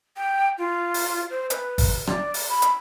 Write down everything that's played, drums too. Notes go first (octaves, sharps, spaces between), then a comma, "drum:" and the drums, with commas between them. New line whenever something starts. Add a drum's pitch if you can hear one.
G5
F4
drum: open hi-hat
C5
B4, drum: hi-hat
drum: kick, open hi-hat
D5, drum: rim click
drum: open hi-hat
B5
drum: hi-hat